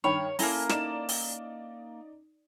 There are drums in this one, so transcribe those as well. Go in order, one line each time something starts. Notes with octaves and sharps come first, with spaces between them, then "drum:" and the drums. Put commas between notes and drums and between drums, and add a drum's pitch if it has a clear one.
G2 D#3 C#5 G5 B5
A#3 C#4 E4 A4 G#5 A#5, drum: open hi-hat
D#4 D5 E7, drum: snare
drum: open hi-hat